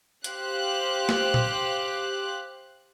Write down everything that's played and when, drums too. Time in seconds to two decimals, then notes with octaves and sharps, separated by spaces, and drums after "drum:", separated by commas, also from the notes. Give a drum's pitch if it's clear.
0.24 G4 C5 F5 F#6, drum: hi-hat
1.09 drum: snare
1.34 drum: tom A#2